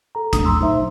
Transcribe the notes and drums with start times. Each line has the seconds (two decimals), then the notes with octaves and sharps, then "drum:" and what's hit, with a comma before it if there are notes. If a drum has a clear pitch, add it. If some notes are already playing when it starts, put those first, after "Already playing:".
0.15 A4 A#5
0.33 D#2 A3 D4 D#6, drum: kick, hi-hat
0.45 A#2 F#3 A#5 C6 E6
0.61 D#4 C5 E5